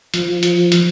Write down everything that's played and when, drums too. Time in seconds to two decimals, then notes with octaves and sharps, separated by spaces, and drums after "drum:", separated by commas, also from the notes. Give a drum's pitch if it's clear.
0.14 F3, drum: hi-hat
0.43 drum: hi-hat
0.72 drum: hi-hat